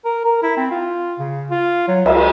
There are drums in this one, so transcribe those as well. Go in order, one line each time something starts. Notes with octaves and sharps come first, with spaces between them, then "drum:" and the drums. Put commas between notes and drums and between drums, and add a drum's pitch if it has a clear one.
A#4
A#4
E4
C4
F4
C#3
F4
F#3
C#2, drum: cymbal